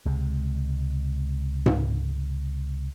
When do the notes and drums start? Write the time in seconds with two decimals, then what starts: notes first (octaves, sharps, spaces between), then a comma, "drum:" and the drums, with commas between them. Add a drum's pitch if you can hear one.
0.05 C#2 C3 G#3
1.66 drum: tom G#2